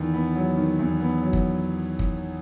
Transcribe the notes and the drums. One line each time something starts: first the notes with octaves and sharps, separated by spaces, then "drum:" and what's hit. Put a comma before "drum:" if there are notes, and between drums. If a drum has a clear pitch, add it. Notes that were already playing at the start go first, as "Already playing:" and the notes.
Already playing: E2 D#3
B3
F#3
D#3
E2
B3
F#3
drum: kick
drum: kick